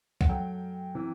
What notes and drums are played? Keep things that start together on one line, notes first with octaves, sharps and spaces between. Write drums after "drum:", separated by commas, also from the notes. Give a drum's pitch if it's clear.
F#5, drum: kick
F#2 F#3 A3 G5
C3 E3